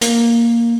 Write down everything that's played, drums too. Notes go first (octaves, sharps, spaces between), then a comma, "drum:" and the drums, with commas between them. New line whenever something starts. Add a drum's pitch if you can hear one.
A#3, drum: hi-hat